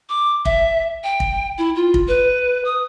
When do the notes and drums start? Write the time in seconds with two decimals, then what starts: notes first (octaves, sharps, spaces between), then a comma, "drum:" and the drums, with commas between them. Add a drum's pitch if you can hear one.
0.09 D6
0.45 E5, drum: kick
1.04 G5
1.20 drum: kick
1.58 E4
1.76 F4
1.94 drum: kick
2.08 B4
2.65 D#6